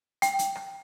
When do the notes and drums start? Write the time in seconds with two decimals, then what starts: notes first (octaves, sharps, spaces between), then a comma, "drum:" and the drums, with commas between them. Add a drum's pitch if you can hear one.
0.22 G5, drum: hi-hat
0.39 drum: hi-hat
0.55 drum: rim click